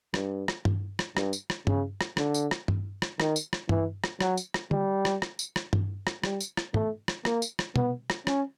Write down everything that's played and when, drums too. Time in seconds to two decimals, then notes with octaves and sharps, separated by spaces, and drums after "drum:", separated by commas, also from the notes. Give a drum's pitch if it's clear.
0.14 G2, drum: rim click
0.48 drum: rim click
0.65 drum: tom G2
0.99 drum: rim click
1.17 G2, drum: rim click
1.33 drum: tambourine
1.50 drum: rim click
1.67 C#3, drum: tom G2
2.01 drum: rim click
2.17 D3, drum: rim click
2.34 drum: tambourine
2.51 drum: rim click
2.68 drum: tom G2
3.02 drum: rim click
3.20 D#3, drum: rim click
3.36 drum: tambourine
3.53 drum: rim click
3.69 E3, drum: tom G2
4.04 drum: rim click
4.21 F#3, drum: rim click
4.37 drum: tambourine
4.54 drum: rim click
4.71 G3, drum: tom D3
5.05 drum: rim click
5.22 drum: rim click
5.39 drum: tambourine
5.56 drum: rim click
5.73 drum: tom G2
6.07 drum: rim click
6.24 G3, drum: rim click
6.40 drum: tambourine
6.57 drum: rim click
6.74 A3, drum: tom
7.08 drum: rim click
7.25 A#3, drum: rim click
7.42 drum: tambourine
7.59 drum: rim click
7.76 B3, drum: tom
8.10 drum: rim click
8.27 C#4, drum: rim click